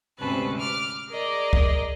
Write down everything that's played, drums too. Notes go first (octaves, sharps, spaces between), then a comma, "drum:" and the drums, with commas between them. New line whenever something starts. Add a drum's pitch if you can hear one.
D2 G#2 C3 C#4 B4 A5
D6 F6
G#4 A#4 D5 D#5
drum: kick C#2